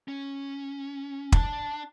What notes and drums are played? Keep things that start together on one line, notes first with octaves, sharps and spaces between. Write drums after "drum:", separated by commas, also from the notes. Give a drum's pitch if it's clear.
C#4
D4, drum: kick